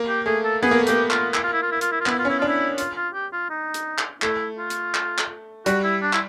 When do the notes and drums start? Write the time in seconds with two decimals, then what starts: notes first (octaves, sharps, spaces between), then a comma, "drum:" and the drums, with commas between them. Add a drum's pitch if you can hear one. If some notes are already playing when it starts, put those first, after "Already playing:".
Already playing: A#3
0.08 G4
0.26 A3 G#4
0.44 A4
0.62 B3 G#4
0.71 A#3
0.80 A3
0.87 A#3 G4, drum: hi-hat
1.11 F4, drum: clap
1.34 E4, drum: clap
1.43 F4
1.53 E4
1.63 F4
1.72 E4
1.81 F4, drum: hi-hat
1.92 E4
2.01 F4
2.06 B3 E4, drum: clap
2.19 F4
2.25 C#4 E4
2.39 D4 F4
2.48 E4
2.78 F4, drum: hi-hat
2.96 F4
3.14 G4
3.33 F4
3.50 D#4
3.74 drum: hi-hat
3.98 drum: clap
4.22 A3 E4, drum: clap
4.58 F4
4.70 drum: hi-hat
4.94 drum: clap
5.18 drum: clap
5.66 G3 F#4, drum: hi-hat
5.84 E4
6.02 D4
6.13 E4, drum: clap